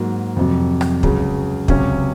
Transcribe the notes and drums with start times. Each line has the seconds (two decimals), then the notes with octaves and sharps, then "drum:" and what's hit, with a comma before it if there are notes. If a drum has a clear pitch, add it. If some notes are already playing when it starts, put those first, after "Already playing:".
Already playing: G#2 F#3 A#3
0.36 F2 C3 F#3
0.81 drum: rim click
1.03 C#2 C#3 F#3, drum: kick
1.68 C#2 C3 F#3 C#4, drum: kick